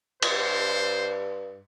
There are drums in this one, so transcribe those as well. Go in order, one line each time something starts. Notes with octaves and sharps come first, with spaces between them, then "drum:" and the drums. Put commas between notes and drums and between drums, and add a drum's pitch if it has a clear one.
G2 C5, drum: cymbal